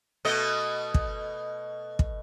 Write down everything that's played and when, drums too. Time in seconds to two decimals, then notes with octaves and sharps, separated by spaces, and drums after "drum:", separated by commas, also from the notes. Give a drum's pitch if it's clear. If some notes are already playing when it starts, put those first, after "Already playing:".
0.25 B2 A3 D#5
0.94 drum: kick
1.99 drum: kick